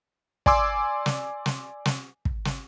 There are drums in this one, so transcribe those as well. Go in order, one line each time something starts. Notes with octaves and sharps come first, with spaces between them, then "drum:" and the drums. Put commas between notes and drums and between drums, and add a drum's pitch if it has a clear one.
D5 G#5 C6 D6 E6, drum: kick
drum: snare
drum: snare
drum: snare
drum: kick
drum: snare